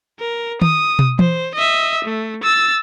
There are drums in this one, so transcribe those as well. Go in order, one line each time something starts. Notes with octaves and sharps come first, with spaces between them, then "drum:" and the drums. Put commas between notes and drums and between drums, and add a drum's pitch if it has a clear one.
A#4
D#6, drum: tom D#3
drum: tom
C5, drum: tom E3
D#5 E5
A3
E6 A6